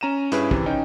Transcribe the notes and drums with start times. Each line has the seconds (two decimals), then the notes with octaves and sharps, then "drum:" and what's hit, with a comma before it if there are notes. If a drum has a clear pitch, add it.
0.01 C#4 A#5 D#7 E7
0.32 G2 C#4 E4 G#4 B4, drum: hi-hat
0.51 C3 E3, drum: kick
0.66 C#4 D#4 G5